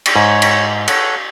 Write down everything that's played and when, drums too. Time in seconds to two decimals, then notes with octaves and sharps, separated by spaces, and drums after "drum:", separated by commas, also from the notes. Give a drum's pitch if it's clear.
0.06 drum: cymbal
0.16 G#2 C#5
0.42 drum: cymbal
0.88 A4 C#5 F#5, drum: cymbal